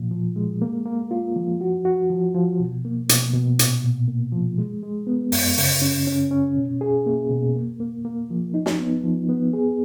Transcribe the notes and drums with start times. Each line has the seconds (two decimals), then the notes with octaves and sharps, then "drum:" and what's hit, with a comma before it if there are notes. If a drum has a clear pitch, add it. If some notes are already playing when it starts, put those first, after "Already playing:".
Already playing: A#2 F3
0.11 F3
0.36 G#3
0.62 A#3
0.86 A#3
1.11 F4
1.36 F3
1.61 F#4
1.85 F#4
2.10 F3
2.35 F3
2.60 B2
2.85 A#3
3.09 B2, drum: hi-hat
3.34 B2
3.59 A#2, drum: hi-hat
3.84 A#2
4.08 A#3
4.32 F3
4.58 G#3
4.83 G#3
5.07 B3
5.32 F#2, drum: open hi-hat
5.58 C#3, drum: open hi-hat
5.82 C#4
6.07 C#4
6.31 C#4
6.56 B2
6.81 G#4
7.06 A#3
7.30 B2
7.56 A#3
7.80 A#3
8.05 A#3
8.30 F3
8.54 D#4
8.66 drum: snare
8.79 B3
9.04 F3
9.29 B3
9.53 G#4